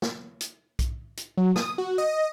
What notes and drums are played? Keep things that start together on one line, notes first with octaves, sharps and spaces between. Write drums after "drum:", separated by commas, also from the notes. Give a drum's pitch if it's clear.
drum: snare
drum: hi-hat
drum: kick B1, hi-hat
drum: hi-hat
F#3
D#6, drum: snare
F#4
D#5